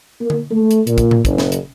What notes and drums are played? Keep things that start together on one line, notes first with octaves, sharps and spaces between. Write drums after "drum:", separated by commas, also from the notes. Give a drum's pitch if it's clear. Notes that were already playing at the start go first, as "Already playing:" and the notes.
A#3
drum: tom D3
A3
drum: hi-hat
A#2, drum: hi-hat
drum: kick, hi-hat
drum: tom A2
F#1, drum: kick, hi-hat
drum: snare
drum: hi-hat